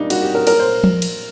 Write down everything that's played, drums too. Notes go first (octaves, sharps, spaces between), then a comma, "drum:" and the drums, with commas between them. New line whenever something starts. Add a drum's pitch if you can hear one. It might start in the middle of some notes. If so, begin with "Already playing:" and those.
Already playing: A#2 G3 D4 D#4
A#2 G3 F#4, drum: cymbal
G4
A#4
A#2 F#3 A#4, drum: cymbal
C5
drum: tom F3
drum: cymbal